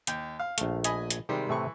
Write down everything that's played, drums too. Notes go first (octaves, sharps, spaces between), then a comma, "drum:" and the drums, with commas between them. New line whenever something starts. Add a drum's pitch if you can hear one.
D#2 G5, drum: hi-hat
F5
A#1 A3, drum: hi-hat
D#5 G#5 B5, drum: hi-hat
drum: hi-hat
C3 D#3 G3 G#3
A2 C3 E3 A3 B4 C#6